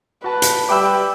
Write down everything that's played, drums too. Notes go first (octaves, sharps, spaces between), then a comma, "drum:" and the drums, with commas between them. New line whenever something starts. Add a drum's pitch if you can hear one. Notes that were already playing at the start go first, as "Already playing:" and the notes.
F#4 B4 A5
drum: hi-hat
G3 B4 E5 G5 B5 D6 E6